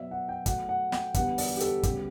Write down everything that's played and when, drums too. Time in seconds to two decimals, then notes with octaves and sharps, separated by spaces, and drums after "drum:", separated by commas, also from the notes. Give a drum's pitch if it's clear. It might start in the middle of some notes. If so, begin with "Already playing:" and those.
Already playing: B2 F#3 B3 D5 E5
0.11 F#5
0.29 G5
0.46 B2 F#3 A3 F#5, drum: kick, hi-hat
0.69 F#5
0.92 G5, drum: snare
1.14 E2 D3 G3 B3 F#5, drum: kick, hi-hat
1.38 D5, drum: open hi-hat
1.57 G4
1.60 A4, drum: hi-hat
1.83 D2 C#3 G3 B3 G4, drum: kick, hi-hat